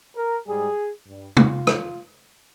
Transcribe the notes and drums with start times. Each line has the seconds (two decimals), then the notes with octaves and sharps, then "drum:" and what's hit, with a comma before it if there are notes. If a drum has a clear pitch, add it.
0.16 A#4
0.47 G#2 G3 G#4
1.07 G2 G3
1.37 F4, drum: tom
1.67 F2 D#3 G#3, drum: rim click